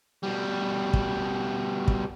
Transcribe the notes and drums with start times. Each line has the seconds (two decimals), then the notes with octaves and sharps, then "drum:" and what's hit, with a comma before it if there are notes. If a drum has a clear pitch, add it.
0.23 B2 G3
0.93 drum: kick
1.88 drum: kick